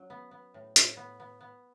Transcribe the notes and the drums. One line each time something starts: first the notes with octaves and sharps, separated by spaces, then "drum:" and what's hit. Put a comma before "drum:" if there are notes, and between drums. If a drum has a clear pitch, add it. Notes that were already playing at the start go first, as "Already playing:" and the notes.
Already playing: F#3 C#4
B3
B3
A2
A2, drum: hi-hat
B3
B3
B3